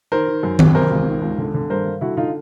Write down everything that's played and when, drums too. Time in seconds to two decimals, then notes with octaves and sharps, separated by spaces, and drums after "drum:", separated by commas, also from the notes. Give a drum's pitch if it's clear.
0.12 D#3 A#4 C5
0.27 D#3
0.43 F#2
0.59 F#2, drum: tom D#3
0.74 C3 A#4 C5
0.91 C#2
1.07 D#3
1.22 C#2
1.38 D3
1.54 D3
1.70 G2 A#4 C5
1.86 G2
2.01 D3 E4 F#4
2.17 D3 D#4 F4